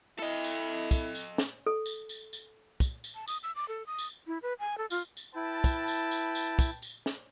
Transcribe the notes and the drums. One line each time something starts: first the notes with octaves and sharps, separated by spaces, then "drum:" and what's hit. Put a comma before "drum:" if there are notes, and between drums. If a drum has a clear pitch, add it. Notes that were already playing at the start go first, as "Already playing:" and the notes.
E4 A4 D#5
drum: tambourine
drum: kick, tambourine
drum: tambourine
drum: snare
A4
drum: tambourine
drum: tambourine
drum: tambourine
drum: kick, tambourine
drum: tambourine
A5
D#6, drum: tambourine
E6
D6
A4
D#6
drum: tambourine
E4
B4
G#5
A4
F4, drum: tambourine
drum: tambourine
E4 B4 G5 A5
drum: kick, tambourine
drum: tambourine
drum: tambourine
drum: tambourine
drum: kick, tambourine
drum: tambourine
drum: snare